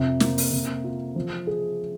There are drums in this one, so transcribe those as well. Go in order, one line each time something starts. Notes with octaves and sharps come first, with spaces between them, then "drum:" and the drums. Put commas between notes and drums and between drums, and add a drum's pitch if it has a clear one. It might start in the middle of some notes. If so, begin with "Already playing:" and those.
Already playing: F2 C3
A#3, drum: snare
drum: open hi-hat
C3
F4
F3
G#4